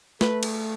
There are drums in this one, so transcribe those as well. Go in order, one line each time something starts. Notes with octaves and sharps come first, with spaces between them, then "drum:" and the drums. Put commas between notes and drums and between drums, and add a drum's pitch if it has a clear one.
A3 B4, drum: snare
drum: cymbal